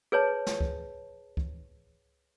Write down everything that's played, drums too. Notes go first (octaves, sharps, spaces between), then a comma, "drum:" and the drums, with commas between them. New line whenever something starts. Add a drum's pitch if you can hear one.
G#4 B4 C#5 A5
drum: snare
drum: kick C#2
drum: kick C#2